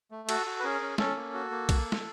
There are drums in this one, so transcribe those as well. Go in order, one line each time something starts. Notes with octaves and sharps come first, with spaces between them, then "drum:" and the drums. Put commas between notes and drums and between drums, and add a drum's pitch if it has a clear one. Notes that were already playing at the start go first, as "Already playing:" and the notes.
A3
F#4 A4, drum: cymbal
F#4
B4
C#4 G#4 A#4
C#4
C#4 A4, drum: snare
A#3
F#4
A#3
drum: kick, cymbal
drum: snare